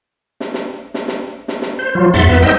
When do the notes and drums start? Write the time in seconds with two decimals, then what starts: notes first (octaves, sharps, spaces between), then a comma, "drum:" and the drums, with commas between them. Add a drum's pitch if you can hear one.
0.40 drum: snare
0.54 drum: snare
0.94 drum: snare
1.08 drum: snare
1.48 drum: snare
1.62 drum: snare
1.79 C5
1.95 F3 F#3 F4
2.14 E2 G#2 E5 F#5 C6 A6, drum: snare
2.29 F2 B3 B4 E5
2.43 G3 D#4 C5 D#5 G5 E6